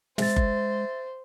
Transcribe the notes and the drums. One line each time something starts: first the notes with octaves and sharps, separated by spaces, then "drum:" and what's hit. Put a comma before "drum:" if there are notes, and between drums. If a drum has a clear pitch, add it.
G#3 C5 E5 A6, drum: snare
drum: kick F#1